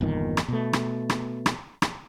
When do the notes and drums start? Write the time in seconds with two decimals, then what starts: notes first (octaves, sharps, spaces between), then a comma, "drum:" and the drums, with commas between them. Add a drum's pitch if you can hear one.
0.01 G1 E2 A#2 D#3
0.37 drum: rim click
0.48 B2 A3
0.73 drum: rim click
1.10 drum: rim click
1.46 drum: rim click
1.82 drum: rim click